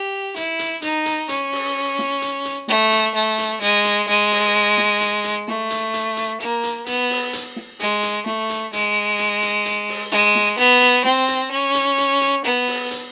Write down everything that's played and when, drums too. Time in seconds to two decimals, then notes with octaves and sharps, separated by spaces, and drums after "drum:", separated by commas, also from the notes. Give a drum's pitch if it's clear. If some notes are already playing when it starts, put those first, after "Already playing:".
Already playing: G4
0.36 E4, drum: hi-hat
0.59 drum: hi-hat
0.82 D#4, drum: hi-hat
1.06 drum: hi-hat
1.29 C#4, drum: hi-hat
1.52 drum: open hi-hat
1.99 drum: snare
2.22 drum: hi-hat
2.45 drum: hi-hat
2.68 A3, drum: snare
2.92 drum: hi-hat
3.14 A3
3.38 drum: hi-hat
3.61 G#3, drum: hi-hat
3.85 drum: hi-hat
4.08 G#3, drum: hi-hat
4.31 drum: open hi-hat
4.78 drum: snare
5.01 drum: hi-hat
5.24 drum: hi-hat
5.48 A3, drum: snare
5.71 drum: hi-hat
5.94 drum: hi-hat
6.17 drum: hi-hat
6.40 A#3, drum: hi-hat
6.63 drum: hi-hat
6.86 B3, drum: hi-hat
7.10 drum: open hi-hat
7.33 drum: hi-hat
7.56 drum: snare
7.80 G#3, drum: hi-hat
8.03 drum: hi-hat
8.26 A3, drum: snare
8.49 drum: hi-hat
8.73 G#3, drum: hi-hat
9.19 drum: hi-hat
9.42 drum: hi-hat
9.66 drum: hi-hat
9.89 drum: open hi-hat
10.11 G#3, drum: hi-hat
10.35 drum: snare
10.58 B3, drum: hi-hat
10.82 drum: hi-hat
11.04 C4, drum: snare
11.28 drum: hi-hat
11.51 C#4
11.75 drum: hi-hat
11.98 drum: hi-hat
12.21 drum: hi-hat
12.45 B3, drum: hi-hat
12.68 drum: open hi-hat
12.91 drum: hi-hat